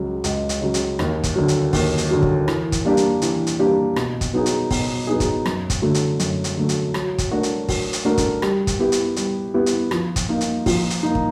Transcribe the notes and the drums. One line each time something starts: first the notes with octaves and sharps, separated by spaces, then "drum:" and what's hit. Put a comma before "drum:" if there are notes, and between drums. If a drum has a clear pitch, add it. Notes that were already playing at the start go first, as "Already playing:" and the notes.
Already playing: C#2 C#3 F#3
C#2, drum: hi-hat
drum: hi-hat
C#3 F#3
drum: hi-hat
D#2, drum: rim click
drum: kick, hi-hat
D3 F#3
drum: hi-hat
D#2, drum: kick, open hi-hat
drum: hi-hat
D3 F#3
drum: kick
E3, drum: rim click
drum: kick, hi-hat
G3 A#3 D4 G4
drum: hi-hat
E3, drum: hi-hat
drum: hi-hat
G3 A#3 D4 G4
B2, drum: rim click
drum: kick, hi-hat
F#3 B3 D#4 G#4
drum: hi-hat
B2, drum: kick, open hi-hat
F#3 B3 D#4 G#4
drum: kick, hi-hat
F#2, drum: rim click
drum: kick, hi-hat
D3 F#3 A3
drum: hi-hat
F#2, drum: hi-hat
drum: hi-hat
D3 F#3 A3
drum: hi-hat
F#3, drum: rim click
drum: kick, hi-hat
A3 D4 F#4 A#4
drum: hi-hat
F#3, drum: kick, open hi-hat
drum: hi-hat
A3 D4 F#4 A#4
drum: kick, hi-hat
G3, drum: rim click
drum: kick, hi-hat
B3 E4 G4
drum: hi-hat
G3, drum: hi-hat
B3 E4 G4
drum: hi-hat
F3, drum: rim click
drum: kick, hi-hat
A#3 D#4
drum: hi-hat
F3, drum: kick, open hi-hat
drum: hi-hat
A#3 D#4
drum: kick